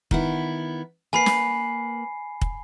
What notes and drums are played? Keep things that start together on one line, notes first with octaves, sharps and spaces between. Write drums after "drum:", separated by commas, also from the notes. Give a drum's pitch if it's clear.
D#3 B3 E4, drum: kick
A#3 B4 G#5 B5 C7
drum: snare
drum: kick